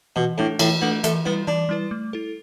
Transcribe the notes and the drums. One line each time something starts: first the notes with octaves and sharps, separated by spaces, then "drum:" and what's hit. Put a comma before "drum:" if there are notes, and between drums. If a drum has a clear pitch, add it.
B2 E3
A2 A3 D4 A4
A2 E3, drum: cymbal
A3 B3 D4 A4
E3 A3, drum: hi-hat
G3 B3 E4 B4
E3 D4
G3 E4 B4
A3
E4 A4